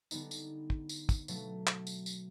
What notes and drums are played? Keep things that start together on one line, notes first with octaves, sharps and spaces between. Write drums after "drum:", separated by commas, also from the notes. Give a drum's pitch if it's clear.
D3 G3 B3 D#4, drum: tambourine
drum: tambourine
drum: kick
drum: tambourine
drum: kick, tambourine
B2 F#3 A3, drum: tambourine
drum: clap
drum: tambourine
drum: tambourine